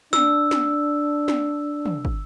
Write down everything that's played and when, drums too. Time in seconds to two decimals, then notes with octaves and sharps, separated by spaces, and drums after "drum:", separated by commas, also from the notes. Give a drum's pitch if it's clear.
0.13 D4 E6, drum: snare
0.51 drum: snare
1.28 drum: snare
1.86 drum: tom
2.05 drum: kick